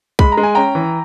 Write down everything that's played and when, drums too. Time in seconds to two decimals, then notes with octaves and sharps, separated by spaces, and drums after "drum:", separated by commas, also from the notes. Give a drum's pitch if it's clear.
0.19 G#3 B5, drum: kick
0.32 A#5
0.37 G#3
0.43 G#5
0.55 C#4 G5 A#5
0.75 E3